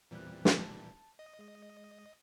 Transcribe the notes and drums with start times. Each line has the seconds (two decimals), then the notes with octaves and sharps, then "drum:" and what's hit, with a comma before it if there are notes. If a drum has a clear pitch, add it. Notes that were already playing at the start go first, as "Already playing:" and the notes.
0.11 E2 A#2 E3 G3 C4 F#6
0.45 drum: snare
0.59 A5
1.19 D#5
1.39 G#3